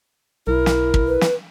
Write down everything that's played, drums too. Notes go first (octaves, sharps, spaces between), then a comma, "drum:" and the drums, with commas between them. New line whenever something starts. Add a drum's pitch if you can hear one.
B1 E4 A#4
drum: snare
drum: kick
B4
drum: snare